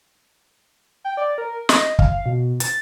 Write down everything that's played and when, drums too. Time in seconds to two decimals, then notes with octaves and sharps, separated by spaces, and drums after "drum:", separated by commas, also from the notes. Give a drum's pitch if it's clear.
1.05 G5
1.17 D5
1.38 A#4
1.69 D#5, drum: snare
1.99 F5, drum: kick
2.26 B2
2.60 A6, drum: hi-hat